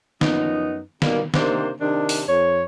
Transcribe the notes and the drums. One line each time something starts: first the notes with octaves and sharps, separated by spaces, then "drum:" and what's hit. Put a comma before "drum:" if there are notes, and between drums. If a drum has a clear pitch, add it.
F#2 F3 B3 D#4, drum: snare
B2 D#3 G3 A#3, drum: snare
C3 D#3 A#3 D4 C5, drum: snare
C3 D#3 D4
drum: open hi-hat
F2 C#5